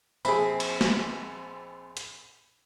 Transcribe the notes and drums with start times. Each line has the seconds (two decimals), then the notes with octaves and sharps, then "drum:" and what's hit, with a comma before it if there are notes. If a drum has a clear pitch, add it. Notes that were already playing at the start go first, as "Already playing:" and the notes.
0.25 A#1 C4 G#4 B5, drum: tambourine
0.60 drum: cymbal
0.81 drum: snare
1.97 drum: hi-hat